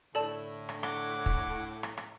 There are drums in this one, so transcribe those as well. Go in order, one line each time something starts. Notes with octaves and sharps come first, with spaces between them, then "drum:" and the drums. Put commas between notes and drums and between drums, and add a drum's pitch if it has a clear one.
A2 D3 A4 D5 A5
drum: rim click
F#5 D6 G7, drum: rim click
drum: kick
drum: rim click
drum: rim click